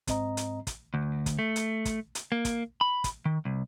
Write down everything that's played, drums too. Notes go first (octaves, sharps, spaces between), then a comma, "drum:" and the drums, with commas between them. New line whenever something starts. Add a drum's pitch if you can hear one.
G#2 C4 D#5 A#5, drum: kick, hi-hat
drum: hi-hat
drum: kick, hi-hat
D2
drum: kick, hi-hat
A3
drum: hi-hat
drum: kick, hi-hat
drum: hi-hat
A#3
drum: kick, hi-hat
B5
drum: kick, hi-hat
D#3
C2